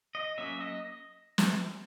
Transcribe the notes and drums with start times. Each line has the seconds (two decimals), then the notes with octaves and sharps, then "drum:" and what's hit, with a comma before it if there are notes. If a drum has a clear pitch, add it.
0.15 D#5
0.38 F#3 A#3 C#4 E5
0.60 D#5
1.38 drum: snare